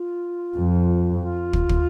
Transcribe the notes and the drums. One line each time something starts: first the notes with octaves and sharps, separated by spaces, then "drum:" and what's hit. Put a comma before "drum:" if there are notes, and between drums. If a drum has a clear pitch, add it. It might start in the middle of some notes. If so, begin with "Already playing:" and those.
Already playing: F4
F2
F4
drum: kick
drum: kick